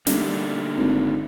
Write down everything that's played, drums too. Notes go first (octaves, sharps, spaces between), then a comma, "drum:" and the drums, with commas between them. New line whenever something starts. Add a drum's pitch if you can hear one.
D3 G3 A3 A#3 D4 D#4, drum: snare
G#1